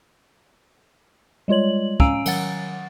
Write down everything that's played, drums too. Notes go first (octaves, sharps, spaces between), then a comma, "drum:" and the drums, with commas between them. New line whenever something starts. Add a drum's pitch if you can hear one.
G3 G#3 F4 C#5 F#7
C#4 F5 G#5 A#5 E6 D7, drum: kick
D#3 F#3 F#5 A6, drum: cymbal